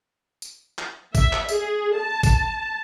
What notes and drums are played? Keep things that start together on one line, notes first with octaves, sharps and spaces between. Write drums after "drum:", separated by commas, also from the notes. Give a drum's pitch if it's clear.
drum: tambourine
drum: clap
E5, drum: kick, tambourine
drum: clap
G#4, drum: tambourine
A5
drum: kick, tambourine